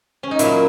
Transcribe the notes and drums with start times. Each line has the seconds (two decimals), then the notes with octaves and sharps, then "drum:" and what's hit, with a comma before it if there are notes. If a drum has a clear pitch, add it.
0.23 C#4
0.31 D#4
0.39 A#2 F#3 E4, drum: hi-hat